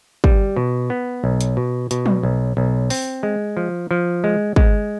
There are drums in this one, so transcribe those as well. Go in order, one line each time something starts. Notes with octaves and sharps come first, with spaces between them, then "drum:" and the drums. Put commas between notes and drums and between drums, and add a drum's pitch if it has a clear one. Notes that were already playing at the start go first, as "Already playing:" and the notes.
G3, drum: kick
B2
B3
B1
drum: hi-hat
B2
B2, drum: hi-hat
drum: tom
B1
B1
C4, drum: open hi-hat
G#3
F3
F3
G#3
G#3, drum: kick